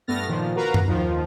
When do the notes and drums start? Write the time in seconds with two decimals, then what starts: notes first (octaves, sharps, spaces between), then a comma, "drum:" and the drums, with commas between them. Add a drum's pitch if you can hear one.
0.07 G2 A3 B3 F6 A6 A#6
0.27 A#2 D#3 F3
0.55 F#4 A#4 B4 F5 A#5
0.74 drum: tom F#2
0.86 D#2 D#3 F3 F4